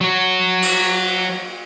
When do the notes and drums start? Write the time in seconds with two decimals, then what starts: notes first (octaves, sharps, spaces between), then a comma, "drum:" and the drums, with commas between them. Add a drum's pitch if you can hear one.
0.01 F#3 F#4
0.62 drum: cymbal